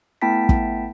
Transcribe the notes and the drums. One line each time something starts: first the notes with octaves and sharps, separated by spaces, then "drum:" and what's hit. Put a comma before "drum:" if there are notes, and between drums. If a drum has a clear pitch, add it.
A3 B3 E4 G5 A5 B6
drum: kick